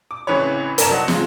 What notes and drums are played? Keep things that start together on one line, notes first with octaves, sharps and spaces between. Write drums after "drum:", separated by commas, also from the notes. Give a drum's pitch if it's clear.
D6
A1 C#3 E3 C4 B4 C#5
C2 G2 D5 A5 A#5 E7, drum: hi-hat
F#3 C4 D#4 F#5
C3 G#3 F4, drum: snare